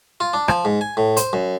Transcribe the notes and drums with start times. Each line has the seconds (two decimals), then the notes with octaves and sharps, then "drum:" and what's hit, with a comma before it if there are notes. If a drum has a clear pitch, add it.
0.20 F4
0.33 D4
0.48 F3, drum: rim click
0.65 G#2
0.81 G#5
0.97 A2
1.17 C5, drum: hi-hat
1.33 F#2